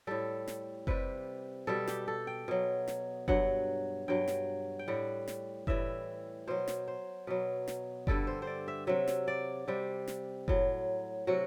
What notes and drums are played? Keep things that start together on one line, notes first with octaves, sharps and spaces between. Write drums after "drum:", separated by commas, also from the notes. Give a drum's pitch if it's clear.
A2 G3 A4
drum: snare
C3 G3 B4, drum: kick F#1
B2 G3 A4
G4, drum: snare
A4
G5
B2 F#3
drum: snare
G2 F#3 F#5, drum: kick F#1
G2 F#3 G5
drum: snare
G5
A2 G3 F#5
drum: snare
A2 E3 G3 E5, drum: kick F#1
B2 F#3 C5
drum: snare
C5
B2 F#3 B4
drum: snare
G2 D3 G3 A4, drum: kick F#1
C5
C5
D5
E5
C3 F#3 E5
drum: snare
D5
C3 G3
drum: snare
A2 F#3, drum: kick F#1
C3 F#3 F#4